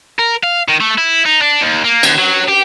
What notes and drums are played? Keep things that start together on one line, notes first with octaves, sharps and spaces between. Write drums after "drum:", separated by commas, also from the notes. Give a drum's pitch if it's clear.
A#4
F5
D#3
A3
E4
D#4
D4
D#2
A#3
D#2, drum: cymbal
F#3
G4